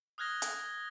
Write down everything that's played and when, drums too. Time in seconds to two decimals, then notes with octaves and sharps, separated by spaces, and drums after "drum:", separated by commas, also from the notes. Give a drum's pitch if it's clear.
0.18 D#6 F6 F#6 G#6 A#6 G7
0.42 drum: hi-hat